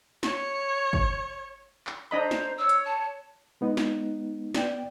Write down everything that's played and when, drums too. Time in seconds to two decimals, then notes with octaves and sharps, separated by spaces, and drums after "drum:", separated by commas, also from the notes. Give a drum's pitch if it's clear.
0.23 C#5, drum: snare
0.93 drum: kick
1.87 drum: clap
2.11 D4 C5 D#5 A#5 B5
2.31 drum: snare
2.58 C#5 E6
2.69 drum: hi-hat
2.85 A5
3.61 G#3 B3 D#4
3.77 drum: snare
4.54 B3 D5 G5, drum: snare